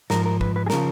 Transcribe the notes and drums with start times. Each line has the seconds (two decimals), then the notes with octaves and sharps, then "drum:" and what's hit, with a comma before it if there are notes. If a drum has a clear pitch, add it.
0.10 G#2 F3 A#4, drum: snare
0.25 A#4
0.41 B4, drum: kick
0.56 B4
0.66 G#4
0.70 C#3 F3 A#4, drum: snare